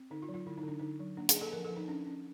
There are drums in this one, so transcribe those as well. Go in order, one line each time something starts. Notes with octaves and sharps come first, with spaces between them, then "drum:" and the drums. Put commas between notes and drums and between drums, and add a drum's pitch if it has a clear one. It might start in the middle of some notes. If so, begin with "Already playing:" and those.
Already playing: C4
D3 D#4
F4
F#3
F4
D3 E4
D#4
D3 D4
D3 D#4
F#3
A#3 D4
G#4, drum: hi-hat
A#3
A4
F3 A#4
A4
F3
D#4
C#4 D4
C#4